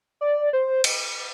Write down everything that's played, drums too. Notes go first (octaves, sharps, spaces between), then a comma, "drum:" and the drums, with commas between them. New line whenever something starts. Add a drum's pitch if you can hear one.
D5
C5
drum: cymbal